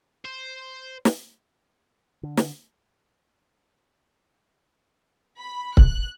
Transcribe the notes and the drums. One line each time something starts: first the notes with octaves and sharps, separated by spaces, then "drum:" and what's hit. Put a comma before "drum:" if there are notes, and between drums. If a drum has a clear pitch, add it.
C5
drum: snare
D3
drum: snare
B5
F#6, drum: kick C#1